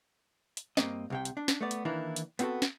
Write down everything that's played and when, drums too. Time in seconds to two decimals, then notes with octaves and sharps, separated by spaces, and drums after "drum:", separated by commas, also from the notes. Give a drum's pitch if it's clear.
0.57 drum: hi-hat
0.77 G2 D#3 A#3 C4 D#5, drum: snare
1.10 C2 C3 G5
1.25 drum: hi-hat
1.37 D4
1.48 drum: snare
1.61 A3 B3 D5
1.71 drum: hi-hat
1.85 D#3 E3 A#3 D4 E4
2.16 drum: hi-hat
2.39 B3 C4 D#4 F4 F#4 A4, drum: hi-hat
2.62 drum: snare